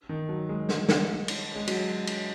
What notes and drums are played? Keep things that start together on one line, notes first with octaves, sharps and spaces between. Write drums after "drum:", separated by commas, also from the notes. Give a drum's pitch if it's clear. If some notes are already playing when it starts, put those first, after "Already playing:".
D#3
F#3
G#3
drum: snare
drum: snare
drum: cymbal
G#3
F#3, drum: cymbal
drum: cymbal